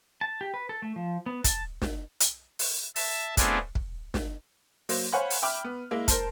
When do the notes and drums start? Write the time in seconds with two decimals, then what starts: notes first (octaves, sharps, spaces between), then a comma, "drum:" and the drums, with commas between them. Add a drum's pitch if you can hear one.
0.21 A5
0.41 G4
0.54 B4
0.69 A4
0.82 A3
0.96 F3
1.26 B3
1.44 A5, drum: kick, hi-hat
1.82 drum: snare
2.20 drum: hi-hat
2.59 drum: open hi-hat
2.96 E5 A5, drum: open hi-hat
3.37 A3 B3 C4 D4 F4 G#4, drum: kick, hi-hat
3.75 drum: kick
4.14 drum: snare
4.89 F#3 A#3 C5, drum: open hi-hat
5.13 C5 C#5 F5 F#5 G#5 B5
5.30 drum: open hi-hat
5.42 E5 G5 B5 D6 F6
5.64 B3
5.91 G#3 A#3 E4
6.08 A#4 C5 A5, drum: kick, hi-hat